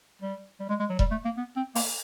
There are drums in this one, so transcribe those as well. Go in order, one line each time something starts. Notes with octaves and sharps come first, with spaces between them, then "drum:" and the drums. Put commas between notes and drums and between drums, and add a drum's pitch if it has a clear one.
G3
G3
G#3
G#3
F#3
G3, drum: kick E1
A3
A#3
B3
C4
A#3, drum: open hi-hat